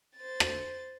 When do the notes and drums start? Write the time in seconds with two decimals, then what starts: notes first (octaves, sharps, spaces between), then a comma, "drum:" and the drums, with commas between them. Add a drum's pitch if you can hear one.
0.16 C5 A6
0.40 drum: rim click